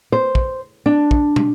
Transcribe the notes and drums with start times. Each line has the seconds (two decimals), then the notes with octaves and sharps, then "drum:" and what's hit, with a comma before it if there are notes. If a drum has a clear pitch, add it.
0.12 C5
0.35 drum: kick
0.86 D4
1.11 drum: kick
1.36 drum: tom